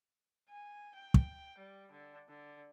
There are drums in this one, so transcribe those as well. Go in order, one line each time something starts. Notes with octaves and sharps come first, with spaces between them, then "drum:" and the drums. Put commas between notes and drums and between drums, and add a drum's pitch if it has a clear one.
G#5
G5
drum: kick
G3
D3
D3